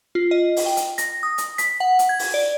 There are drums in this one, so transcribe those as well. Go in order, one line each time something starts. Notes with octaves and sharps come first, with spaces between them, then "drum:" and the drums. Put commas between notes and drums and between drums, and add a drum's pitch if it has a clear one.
F4
D#5
drum: open hi-hat
G5
drum: hi-hat
A#6, drum: hi-hat
D#6
drum: hi-hat
B6, drum: hi-hat
F#5
drum: hi-hat
G#6
drum: open hi-hat
D5